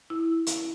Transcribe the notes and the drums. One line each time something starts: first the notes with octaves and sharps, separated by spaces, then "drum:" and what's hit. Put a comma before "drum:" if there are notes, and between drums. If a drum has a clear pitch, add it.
E4
drum: hi-hat